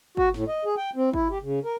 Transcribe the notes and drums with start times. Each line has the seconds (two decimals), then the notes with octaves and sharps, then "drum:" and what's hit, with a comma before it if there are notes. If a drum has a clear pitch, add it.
0.17 F#4, drum: kick
0.34 A2, drum: snare
0.48 D#5
0.65 G#4
0.77 G5
0.96 C4
1.14 E4, drum: kick
1.31 G4
1.43 C#3
1.65 A#4